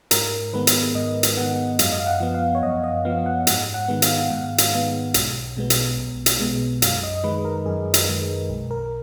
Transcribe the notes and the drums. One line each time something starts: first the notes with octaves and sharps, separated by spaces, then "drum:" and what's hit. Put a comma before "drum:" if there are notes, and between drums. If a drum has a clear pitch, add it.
G#2 A#4, drum: hi-hat
D#3 G#3 B3 B4
drum: hi-hat
G#2 D#5
drum: hi-hat
D#3 G#3 B3 F#5
F#5
F#2 F5, drum: hi-hat
D#5
F5
F#5
F3 B3
F5
C#5
F#2 D#5
D#5
F3 B3 F5
F#5
G#2 F#5, drum: hi-hat
F#5
D#3 G#3 B3
F5, drum: hi-hat
G#2 F#5
drum: hi-hat
D#3 G#3 B3
B1, drum: hi-hat
B2 G#3 B3
drum: hi-hat
B1
drum: hi-hat
B2 G#3 B3
F#2 F5, drum: hi-hat
D#5
D#3 G#3 B4
A#4
F#2 G#4
drum: hi-hat
D#3 G#3
B1
A#4